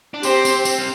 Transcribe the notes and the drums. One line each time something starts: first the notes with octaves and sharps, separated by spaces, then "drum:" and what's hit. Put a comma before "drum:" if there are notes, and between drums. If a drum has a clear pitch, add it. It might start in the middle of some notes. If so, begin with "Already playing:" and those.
D4
C4 G4 C5, drum: tambourine
C4, drum: tambourine
C4, drum: tambourine
G3